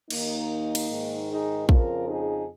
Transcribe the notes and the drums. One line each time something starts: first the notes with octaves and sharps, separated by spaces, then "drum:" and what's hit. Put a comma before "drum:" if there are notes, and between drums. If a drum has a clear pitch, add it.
D#2 D#3 A#3 D#4, drum: cymbal
drum: cymbal
G#2 D#3
D#4 G#4
F2 C#3 F3 F4 A#4, drum: kick
D#4 G#4